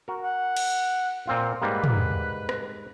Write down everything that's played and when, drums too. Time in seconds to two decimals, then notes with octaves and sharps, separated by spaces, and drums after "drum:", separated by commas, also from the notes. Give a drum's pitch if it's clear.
0.08 F#4 A#4
0.24 F#5
0.56 drum: cymbal
1.27 A#2 C4 F4
1.62 G#2 G3 A#3 B4
1.84 drum: tom
2.49 drum: rim click